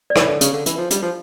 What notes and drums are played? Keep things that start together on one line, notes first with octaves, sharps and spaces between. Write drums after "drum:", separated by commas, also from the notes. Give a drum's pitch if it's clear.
D5
E3 C#5, drum: rim click
D3
C#3, drum: hi-hat
D3
E3, drum: hi-hat
F3
G3, drum: hi-hat
F3